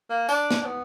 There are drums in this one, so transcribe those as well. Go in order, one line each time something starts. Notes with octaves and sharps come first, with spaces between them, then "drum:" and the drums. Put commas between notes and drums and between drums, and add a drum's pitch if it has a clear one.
A#3
D4, drum: tambourine
drum: snare
D4
B3